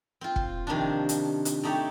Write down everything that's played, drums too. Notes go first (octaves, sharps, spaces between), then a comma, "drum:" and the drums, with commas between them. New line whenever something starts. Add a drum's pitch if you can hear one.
C4 F4
drum: kick
C3 D#3 F3 C#4 D4
drum: hi-hat
drum: hi-hat
A3 D#4 G4 A4 C#5